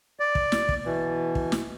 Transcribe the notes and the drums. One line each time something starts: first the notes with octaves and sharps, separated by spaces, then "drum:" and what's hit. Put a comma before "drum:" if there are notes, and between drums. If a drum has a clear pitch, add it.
D5
drum: kick
drum: snare
drum: kick
B2 E3
drum: kick
drum: snare